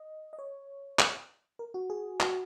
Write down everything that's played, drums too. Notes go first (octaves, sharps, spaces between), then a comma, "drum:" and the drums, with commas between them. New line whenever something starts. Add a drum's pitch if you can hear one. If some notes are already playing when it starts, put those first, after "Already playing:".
Already playing: D#5
D#5
C#5
drum: clap
A#4
F#4
G#4
F#4, drum: clap